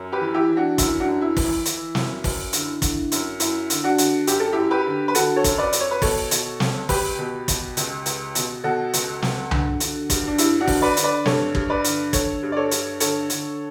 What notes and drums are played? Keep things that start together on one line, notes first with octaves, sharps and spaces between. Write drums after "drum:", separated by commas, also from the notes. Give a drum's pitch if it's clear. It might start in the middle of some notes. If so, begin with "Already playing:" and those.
Already playing: F#2
G4 B4
E3
E4 G4
E3
D4 F#4
F#2 E4, drum: kick, hi-hat
D4 F#4
F#2
E4
E3, drum: kick, open hi-hat
E4
E3, drum: hi-hat
F#2, drum: snare
F#2, drum: kick, open hi-hat
D3, drum: hi-hat
D3, drum: kick, hi-hat
F#2, drum: hi-hat
F#2 E4, drum: hi-hat
D3, drum: hi-hat
D4 F#4
D3, drum: hi-hat
F#2 G4, drum: hi-hat
A4
F#2 E4 G4
G4 B4
D3
B4
D3 F#4 A4, drum: hi-hat
A4 C#5
F#2, drum: kick, hi-hat
B4 D5
F#2, drum: hi-hat
C#5
B4
B2 A4 C#5, drum: kick, open hi-hat
B2, drum: hi-hat
C#2, drum: snare
C#2 G4 B4, drum: kick, open hi-hat
B2
B2, drum: kick, hi-hat
C#2, drum: hi-hat
C#2, drum: hi-hat
B2, drum: hi-hat
B2 F#4 A4
C#2, drum: hi-hat
C#2, drum: snare
D3, drum: tom C2
D3, drum: hi-hat
G2, drum: kick, hi-hat
D4
G2 E4, drum: hi-hat
D4 F#4
D3, drum: kick, open hi-hat
B4 D5
D3, drum: hi-hat
B4 D5
G2 A4 C#5, drum: snare
G2, drum: kick
B4 D5
D3, drum: hi-hat
D3 A4 C#5, drum: kick, hi-hat
G2
D5
A4 C#5
G2, drum: hi-hat
D3 A4 C#5, drum: hi-hat
D3, drum: hi-hat